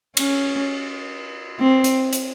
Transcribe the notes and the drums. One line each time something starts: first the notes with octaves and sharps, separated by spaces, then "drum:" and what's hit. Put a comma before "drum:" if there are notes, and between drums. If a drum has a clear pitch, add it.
C#4, drum: cymbal
C4
drum: hi-hat
drum: hi-hat